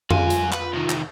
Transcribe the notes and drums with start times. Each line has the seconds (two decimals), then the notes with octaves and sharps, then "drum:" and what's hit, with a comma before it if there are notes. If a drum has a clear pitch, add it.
0.10 F#3 F4 G#5, drum: tom F2
0.30 drum: hi-hat
0.52 B4, drum: clap
0.73 C3 D#3
0.90 drum: clap